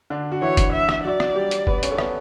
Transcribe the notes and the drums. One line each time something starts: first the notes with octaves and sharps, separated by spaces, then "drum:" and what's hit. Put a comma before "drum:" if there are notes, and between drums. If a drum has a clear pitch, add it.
D3 D4
F#4
E3 E4 C#5
drum: kick, hi-hat
E5
drum: rim click
F#3 F#4 D5
drum: rim click
G3 G4
drum: hi-hat
B3 B4, drum: kick
C#4 C#5, drum: hi-hat
A4
B3 B4, drum: rim click